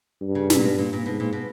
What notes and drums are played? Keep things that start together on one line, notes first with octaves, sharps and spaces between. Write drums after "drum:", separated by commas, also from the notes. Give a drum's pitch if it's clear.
G2
C#3
C3, drum: snare
A#2
B2
A#2
A#2
G#2 B2
A#2
B2